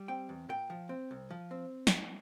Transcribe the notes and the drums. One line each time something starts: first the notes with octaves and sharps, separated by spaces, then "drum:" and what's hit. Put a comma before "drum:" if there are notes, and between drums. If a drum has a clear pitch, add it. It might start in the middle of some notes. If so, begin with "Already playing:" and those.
Already playing: G3
C4 G5
E2
A#2 G5
F3
C4
C2
F3
C4
drum: snare